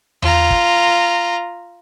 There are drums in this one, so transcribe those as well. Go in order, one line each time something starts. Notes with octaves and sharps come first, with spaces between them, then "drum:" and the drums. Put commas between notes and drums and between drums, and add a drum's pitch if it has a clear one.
F4 A#5, drum: tom E2
drum: kick